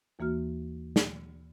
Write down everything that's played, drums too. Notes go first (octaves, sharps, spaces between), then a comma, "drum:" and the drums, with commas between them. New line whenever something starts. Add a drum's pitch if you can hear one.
D#2 E3 A#3 F#4 F6
drum: snare